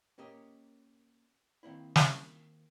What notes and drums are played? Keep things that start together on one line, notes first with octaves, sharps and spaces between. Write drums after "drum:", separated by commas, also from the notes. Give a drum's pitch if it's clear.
A#3 C#4 G4 A#4 D#5
D#3 A#3 C4 E4
drum: snare